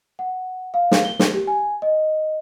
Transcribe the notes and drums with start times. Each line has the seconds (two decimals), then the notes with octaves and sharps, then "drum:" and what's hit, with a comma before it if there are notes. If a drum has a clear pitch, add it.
0.19 F#5
0.74 F5
0.91 drum: snare
1.05 G7
1.19 drum: snare
1.33 G4
1.47 G#5
1.82 D#5